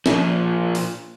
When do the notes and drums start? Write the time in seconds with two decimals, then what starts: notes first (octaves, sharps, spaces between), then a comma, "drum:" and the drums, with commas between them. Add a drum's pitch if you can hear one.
0.06 A#2 F3, drum: snare
0.75 drum: open hi-hat